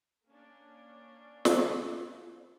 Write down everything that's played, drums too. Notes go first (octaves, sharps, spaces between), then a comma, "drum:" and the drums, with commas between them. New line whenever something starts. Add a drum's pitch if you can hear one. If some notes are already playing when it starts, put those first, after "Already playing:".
A#3 C#4 D4
drum: snare